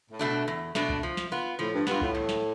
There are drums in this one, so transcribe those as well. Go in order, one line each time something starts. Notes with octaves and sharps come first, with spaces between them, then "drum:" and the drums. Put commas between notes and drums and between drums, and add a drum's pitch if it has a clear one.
A2
B2 A3 D4
E2
B2 A3 D4, drum: snare
drum: kick C2
F3
drum: snare
B3 F4
A2 F3
G2
G2 B3 F4, drum: snare
A2, drum: kick C2
E2
drum: snare